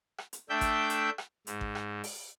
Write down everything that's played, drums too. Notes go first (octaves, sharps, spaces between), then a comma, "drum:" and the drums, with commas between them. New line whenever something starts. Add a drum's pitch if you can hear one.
drum: rim click
drum: hi-hat
A3 D4 E5 G5 G6
drum: kick G#1, hi-hat
drum: hi-hat
drum: rim click
G#2, drum: hi-hat
drum: kick G#1
drum: rim click
drum: open hi-hat